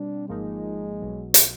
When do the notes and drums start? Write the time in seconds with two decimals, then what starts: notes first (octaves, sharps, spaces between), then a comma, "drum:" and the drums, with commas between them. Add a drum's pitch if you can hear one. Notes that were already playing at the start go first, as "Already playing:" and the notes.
Already playing: B2 G3 C4 D4
0.29 G#1 G#2 F3 G#3 A#3 D#4
1.02 B1 B2 F#3
1.34 drum: hi-hat